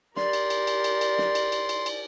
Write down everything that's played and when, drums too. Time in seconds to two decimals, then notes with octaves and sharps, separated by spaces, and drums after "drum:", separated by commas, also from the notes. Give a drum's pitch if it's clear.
0.16 G4 A#4 D5 C6, drum: snare
0.33 drum: cymbal
0.50 drum: cymbal
0.67 drum: cymbal
0.84 drum: cymbal
1.01 drum: cymbal
1.18 drum: snare
1.35 drum: cymbal
1.52 drum: cymbal
1.69 drum: cymbal
1.86 drum: cymbal